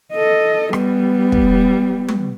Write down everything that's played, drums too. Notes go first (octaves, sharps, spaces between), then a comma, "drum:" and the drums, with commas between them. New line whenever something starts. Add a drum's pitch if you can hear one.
A4 D#5
G3 B3, drum: rim click
drum: kick
drum: tom